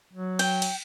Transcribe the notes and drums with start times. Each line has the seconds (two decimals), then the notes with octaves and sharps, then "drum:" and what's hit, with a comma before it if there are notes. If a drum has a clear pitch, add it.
0.13 F#3
0.39 G5, drum: cymbal
0.62 drum: cymbal